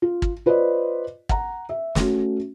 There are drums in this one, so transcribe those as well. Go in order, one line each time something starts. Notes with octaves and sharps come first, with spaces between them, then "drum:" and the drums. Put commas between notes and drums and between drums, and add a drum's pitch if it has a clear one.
F4
drum: kick
F4 B4 C5 D5 D#5
F#5 A#5, drum: kick
E5
A3 C#4 F#4, drum: snare